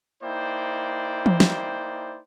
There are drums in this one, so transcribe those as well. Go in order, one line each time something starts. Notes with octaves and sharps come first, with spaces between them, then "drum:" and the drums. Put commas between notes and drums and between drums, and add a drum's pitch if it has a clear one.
A#3 D#4 E4 C5 D5 G5
drum: tom E3
drum: snare